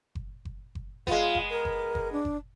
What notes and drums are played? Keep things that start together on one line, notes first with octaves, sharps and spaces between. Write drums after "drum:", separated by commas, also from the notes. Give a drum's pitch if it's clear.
drum: kick F#1
drum: kick F#1
drum: kick F#1
G#3 B3 F4, drum: kick F#1
drum: kick F#1
A#4
drum: kick F#1
drum: kick F#1
D4
drum: kick F#1